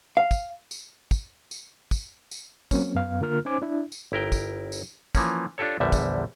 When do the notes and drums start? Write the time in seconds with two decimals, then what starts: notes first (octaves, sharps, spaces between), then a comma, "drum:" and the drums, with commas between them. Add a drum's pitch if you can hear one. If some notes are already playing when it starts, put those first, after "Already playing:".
0.17 F5
0.31 drum: kick, tambourine
0.71 drum: tambourine
1.11 drum: kick, tambourine
1.51 drum: tambourine
1.91 drum: kick, tambourine
2.31 drum: tambourine
2.71 F#3 A#3 C4 C#4, drum: kick, tambourine
2.95 F#2 B3 F5
3.21 D3 A#3 F4 A#4 F6
3.45 C#4 D#4 C5 G#5 D6
3.62 D4 E4
3.92 drum: tambourine
4.12 G1 E4 A#4 G5
4.32 drum: kick, tambourine
4.72 drum: tambourine
5.15 E3 F3 A#3 C#4, drum: kick, tambourine
5.58 D4 F4 G4 A4 C#5
5.80 A#1 E2 D3 G3 E5
5.92 drum: kick, tambourine